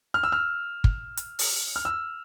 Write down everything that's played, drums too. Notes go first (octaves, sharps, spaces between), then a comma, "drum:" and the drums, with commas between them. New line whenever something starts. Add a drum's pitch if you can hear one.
F6
E6
F6
drum: kick
drum: hi-hat
drum: open hi-hat
F6
E6